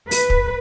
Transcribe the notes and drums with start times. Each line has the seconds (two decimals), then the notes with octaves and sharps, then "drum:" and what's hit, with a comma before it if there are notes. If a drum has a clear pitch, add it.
0.11 B4, drum: open hi-hat
0.30 drum: kick